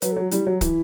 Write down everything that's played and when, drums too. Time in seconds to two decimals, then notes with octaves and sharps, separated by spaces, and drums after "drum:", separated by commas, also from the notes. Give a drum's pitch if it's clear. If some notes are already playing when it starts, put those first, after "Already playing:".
0.02 F#3 B4, drum: hi-hat
0.12 A4
0.16 F#3
0.22 F#4
0.31 G3 E4, drum: hi-hat
0.46 F#3 F#4
0.61 E3 E4, drum: kick, hi-hat